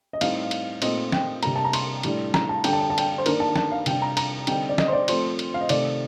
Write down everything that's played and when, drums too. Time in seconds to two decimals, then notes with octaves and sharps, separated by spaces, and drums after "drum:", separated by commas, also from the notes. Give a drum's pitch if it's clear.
0.13 D#5
0.21 A2 G3 C4 D#4 F5, drum: cymbal
0.51 drum: cymbal
0.82 A#2 A3 C4 D#4 D#5, drum: cymbal
1.12 G5, drum: snare
1.43 C3 G3 A#3 D4 A#5, drum: cymbal
1.56 A5
1.65 A#5
1.73 C6, drum: cymbal
2.03 A2 G3 D4, drum: cymbal
2.34 A#5, drum: snare
2.49 A5
2.64 D3 G3 D4 G5, drum: cymbal
2.73 A5
2.81 G5
2.90 A5
2.98 G5, drum: cymbal
3.18 C5
3.26 D#3 A#3 D4 A#4, drum: cymbal
3.40 A5
3.56 A5, drum: snare
3.72 F5
3.86 C3 G3 D4 G5, drum: cymbal
4.02 A#5
4.17 A#5, drum: cymbal
4.47 D3 G3 C4 D#4 G5, drum: cymbal
4.69 D5
4.78 D#5, drum: snare
4.88 C5
4.93 D5
5.08 F3 A3 C4 C5, drum: cymbal
5.39 drum: cymbal
5.54 F5
5.61 D#5
5.69 C3 D#3 A3 C4 D5, drum: cymbal